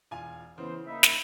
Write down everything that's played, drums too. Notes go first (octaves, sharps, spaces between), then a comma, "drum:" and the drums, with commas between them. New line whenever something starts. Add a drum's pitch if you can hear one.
E1 F4 G#5
C#3 E3 B3 E4 C5
A#3 D#4 E5 B5
drum: snare